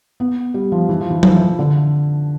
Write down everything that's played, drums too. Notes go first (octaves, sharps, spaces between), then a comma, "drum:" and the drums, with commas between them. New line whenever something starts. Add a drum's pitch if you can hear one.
B3
G3
F3
E3
F3
E3
F3, drum: tom F#3
E3
D3